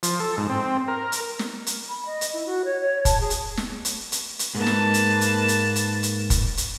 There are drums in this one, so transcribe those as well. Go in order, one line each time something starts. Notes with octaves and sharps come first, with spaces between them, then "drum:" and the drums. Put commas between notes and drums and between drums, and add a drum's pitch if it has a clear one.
F3, drum: hi-hat
A4
G#2
C4
A#4
drum: hi-hat
drum: snare
drum: hi-hat
B5
D#5
drum: hi-hat
E4
F#4
C#5
C#5
A5, drum: kick, hi-hat
G#4
drum: hi-hat
drum: snare
drum: hi-hat
drum: hi-hat
drum: hi-hat
G#2 A#3 B4 A5
drum: snare
drum: hi-hat
drum: hi-hat
drum: hi-hat
drum: hi-hat
drum: hi-hat
drum: kick, hi-hat
drum: hi-hat